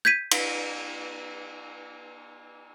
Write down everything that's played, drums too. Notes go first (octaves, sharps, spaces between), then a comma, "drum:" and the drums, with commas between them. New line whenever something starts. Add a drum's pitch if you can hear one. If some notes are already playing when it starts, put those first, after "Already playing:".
G6 G#6 B6 D#7
drum: cymbal